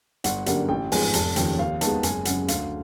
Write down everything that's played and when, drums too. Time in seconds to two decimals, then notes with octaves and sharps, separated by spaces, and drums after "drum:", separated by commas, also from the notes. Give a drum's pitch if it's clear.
0.24 G1 F#5, drum: hi-hat
0.46 F#2 D3 G3 A#3 F#5, drum: hi-hat
0.69 A1 G5
0.92 G#2 F3 G#3 B3 G#5, drum: open hi-hat
1.13 F1 A5, drum: hi-hat
1.36 D#2 C#3 F3 G5, drum: hi-hat
1.59 D#2 F5
1.81 D#3 G#3 B3 A5, drum: hi-hat
2.03 F#1 G#5, drum: hi-hat
2.25 F#2 C#3 F#5, drum: hi-hat
2.48 D2 F5, drum: hi-hat